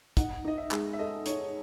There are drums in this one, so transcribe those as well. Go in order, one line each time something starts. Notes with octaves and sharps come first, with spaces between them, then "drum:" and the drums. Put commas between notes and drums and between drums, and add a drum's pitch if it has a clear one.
D#4 F#5, drum: kick, hi-hat
D#4 D#5
E5
G#3, drum: clap
E5
A4 D#5
D#4 C#5, drum: hi-hat